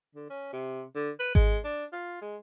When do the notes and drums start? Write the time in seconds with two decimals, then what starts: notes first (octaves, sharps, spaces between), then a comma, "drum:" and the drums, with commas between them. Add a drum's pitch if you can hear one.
0.15 D3
0.30 C#4
0.53 C3
0.95 D3
1.20 B4
1.35 G#3, drum: kick G#1
1.64 D4
1.93 F4
2.22 G#3